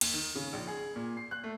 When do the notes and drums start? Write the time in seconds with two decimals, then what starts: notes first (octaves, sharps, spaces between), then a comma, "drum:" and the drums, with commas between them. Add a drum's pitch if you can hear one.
0.01 D#2, drum: cymbal
0.14 D#3
0.35 C#3
0.53 A#1
0.67 G#4
0.96 A#2
1.17 C7
1.31 F#6
1.44 A3